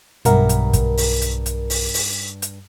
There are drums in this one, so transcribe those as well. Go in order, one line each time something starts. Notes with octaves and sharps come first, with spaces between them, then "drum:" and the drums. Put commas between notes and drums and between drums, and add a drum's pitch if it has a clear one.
B1 G2 A#4 E5 F#5, drum: hi-hat
drum: hi-hat
drum: kick, hi-hat
drum: open hi-hat
drum: hi-hat
drum: hi-hat
drum: open hi-hat
drum: open hi-hat
drum: hi-hat